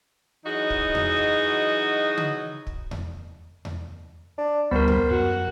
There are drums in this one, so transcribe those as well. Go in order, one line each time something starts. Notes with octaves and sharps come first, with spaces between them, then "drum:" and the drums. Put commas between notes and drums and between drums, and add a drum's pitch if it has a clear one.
E3 F#3 D#4 F#4 G#4 D#5
drum: kick
drum: tom E2
drum: tom
drum: kick
drum: tom E2
drum: tom E2
D4
D2 G3 B3 A#4 C5 B5
drum: tom E2
F#2 F#4